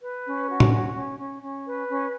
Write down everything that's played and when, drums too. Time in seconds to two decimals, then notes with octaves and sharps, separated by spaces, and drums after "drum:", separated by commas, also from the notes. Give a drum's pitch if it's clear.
0.03 B4
0.26 C#4
0.50 F#4
0.60 drum: tom A2
0.72 C#4
0.95 C#4
1.19 C#4
1.42 C#4
1.65 B4
1.88 C#4